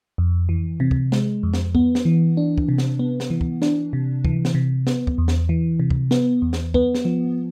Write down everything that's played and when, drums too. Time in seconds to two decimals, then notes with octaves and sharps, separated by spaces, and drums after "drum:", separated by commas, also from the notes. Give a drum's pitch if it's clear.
0.18 F2
0.49 E3
0.80 C3
0.91 drum: kick
1.12 G#3, drum: snare
1.43 F2
1.54 drum: snare
1.75 B3, drum: kick
1.95 drum: snare
2.05 E3
2.37 D4
2.58 drum: kick
2.69 C3
2.78 drum: snare
2.99 B3
3.20 drum: snare
3.30 E3
3.41 drum: kick
3.62 D4, drum: snare
3.93 C3
4.25 E3, drum: kick
4.45 drum: snare
4.55 C3
4.87 B3, drum: snare
5.07 drum: kick
5.18 E2
5.28 drum: snare
5.49 E3
5.80 C3
5.91 drum: kick
6.11 B3, drum: snare
6.42 E2
6.53 drum: snare
6.74 B3, drum: kick
6.95 drum: snare
7.05 F3